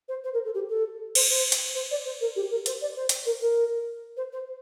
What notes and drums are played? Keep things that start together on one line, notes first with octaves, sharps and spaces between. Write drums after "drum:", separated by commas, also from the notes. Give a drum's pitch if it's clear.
C5
C5
A#4
A4
G4
A4
C5, drum: cymbal
C5
drum: hi-hat
C5
D5
C5
A#4
G4
A#4
C5, drum: hi-hat
D5
C5
drum: hi-hat
A#4
A#4
C5
C5